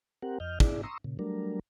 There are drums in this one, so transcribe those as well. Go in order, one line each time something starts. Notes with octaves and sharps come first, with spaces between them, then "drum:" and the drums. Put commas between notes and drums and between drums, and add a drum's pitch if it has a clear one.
C4 G4 A#4 F#5
F2 D#5 F6 G6
E4 G#4 D5, drum: kick
A#5 C6 C#6 D#6 E6
A#2 C#3
F#3 G3 A3 D4 A#4